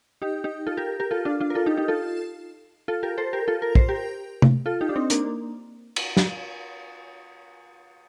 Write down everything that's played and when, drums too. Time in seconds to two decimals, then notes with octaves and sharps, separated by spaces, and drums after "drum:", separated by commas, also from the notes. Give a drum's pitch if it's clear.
0.22 D#4 G4
0.44 D#4 G4
0.67 F4 A4
0.77 G4 A#4
1.00 G4 A#4
1.11 F4 A4
1.25 D4 F4
1.40 D4 F4
1.50 A#4
1.55 F4 A4
1.66 D#4 G4
1.77 D#4 G4
1.88 F4 A4
2.88 F4 A4
3.03 G4 A#4
3.18 A4 C5
3.33 G4 A#4
3.48 F4 A4
3.62 A#4
3.75 C5, drum: kick
3.89 G4 A#4
4.42 drum: tom C3
4.66 F4 A4
4.81 D#4 G4
4.89 D4
4.96 C4 D#4
5.10 A#3 D4, drum: hi-hat
5.96 drum: cymbal
6.17 drum: snare